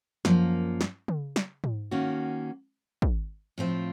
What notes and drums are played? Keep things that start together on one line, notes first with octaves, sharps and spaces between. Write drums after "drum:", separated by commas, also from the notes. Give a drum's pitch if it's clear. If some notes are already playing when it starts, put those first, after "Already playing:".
F#2 F3 A#3, drum: snare
drum: snare
drum: tom C#3
drum: snare
drum: tom G#2
D#3 A#3 C#4 F#4
drum: kick
A2 F3 C4 F4